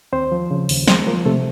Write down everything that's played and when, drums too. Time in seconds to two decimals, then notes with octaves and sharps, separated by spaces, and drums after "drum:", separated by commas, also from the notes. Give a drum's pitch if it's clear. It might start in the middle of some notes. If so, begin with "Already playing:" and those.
0.13 D#2 C4 C5
0.32 F3
0.51 C#3
0.69 D#2, drum: open hi-hat
0.88 G#3 C4 C5, drum: snare
1.07 F3 A#3 A#4
1.25 C3 A3 A4